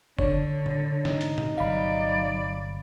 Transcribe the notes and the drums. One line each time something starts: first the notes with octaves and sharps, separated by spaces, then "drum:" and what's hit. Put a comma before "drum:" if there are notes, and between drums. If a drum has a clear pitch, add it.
D3 D4 C#5, drum: kick
drum: tom A2
G#2 C3 D#4, drum: snare
drum: hi-hat
drum: tom A#2
G1 C3 F#3 D5 F5 B5